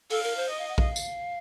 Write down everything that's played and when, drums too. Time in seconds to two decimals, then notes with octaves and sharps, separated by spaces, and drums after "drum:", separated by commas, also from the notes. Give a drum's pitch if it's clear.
0.10 A4 F5, drum: open hi-hat
0.24 A#4
0.36 C5
0.50 D#5
0.59 F5
0.69 F#5
0.78 F5, drum: kick A#1
0.96 drum: tambourine